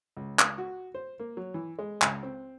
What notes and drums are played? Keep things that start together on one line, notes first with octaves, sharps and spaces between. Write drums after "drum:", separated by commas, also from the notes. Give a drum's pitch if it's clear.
C#2
drum: clap
F#4
C5
A#3
F#3
E3
G#3
C#2, drum: clap
C4